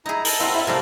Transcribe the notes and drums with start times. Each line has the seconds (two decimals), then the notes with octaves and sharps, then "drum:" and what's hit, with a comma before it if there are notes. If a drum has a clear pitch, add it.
0.06 D#4 E4 G#4 A#5
0.25 A4 A#4, drum: open hi-hat
0.40 C4 E4 F#5 C6
0.54 E4 A4 E5 B5
0.67 C3 G3 A3 A4 A#4 C5 F5